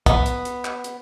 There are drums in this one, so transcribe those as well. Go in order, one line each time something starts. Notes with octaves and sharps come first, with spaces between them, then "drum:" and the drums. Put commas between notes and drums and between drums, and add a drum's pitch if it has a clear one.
B3, drum: kick, hi-hat
drum: hi-hat
drum: hi-hat
drum: clap
drum: hi-hat